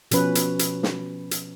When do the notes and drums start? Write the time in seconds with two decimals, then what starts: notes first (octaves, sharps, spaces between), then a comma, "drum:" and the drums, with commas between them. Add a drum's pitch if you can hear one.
0.11 B2 F3 C#4 B4, drum: hi-hat
0.35 drum: hi-hat
0.59 drum: hi-hat
0.83 drum: snare
1.31 drum: hi-hat